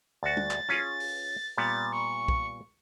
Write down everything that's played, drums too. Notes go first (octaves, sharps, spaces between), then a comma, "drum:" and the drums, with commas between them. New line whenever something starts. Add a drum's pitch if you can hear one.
D2 F#4 A6
drum: tom
drum: clap
C#4 F4 G#4, drum: snare
drum: open hi-hat
A#2 G3 B3 A6
C#6
drum: kick